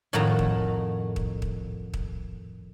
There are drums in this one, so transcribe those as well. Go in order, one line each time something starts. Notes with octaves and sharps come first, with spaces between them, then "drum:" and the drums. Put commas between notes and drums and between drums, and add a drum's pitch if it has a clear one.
F2 A2 D#3 F#4 A5 A#5
drum: kick
drum: kick
drum: kick
drum: kick